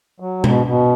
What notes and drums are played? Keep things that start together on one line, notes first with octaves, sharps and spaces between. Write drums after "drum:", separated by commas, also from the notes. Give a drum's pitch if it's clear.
F#3
B2, drum: tom B2
B2